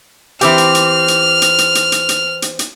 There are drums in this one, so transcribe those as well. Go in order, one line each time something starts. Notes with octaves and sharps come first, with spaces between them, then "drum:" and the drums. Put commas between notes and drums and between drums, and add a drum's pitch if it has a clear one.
E3 C4 G4 F6, drum: hi-hat
drum: hi-hat
drum: hi-hat
drum: hi-hat
drum: hi-hat
drum: hi-hat
drum: hi-hat
drum: hi-hat
drum: hi-hat
drum: hi-hat
drum: hi-hat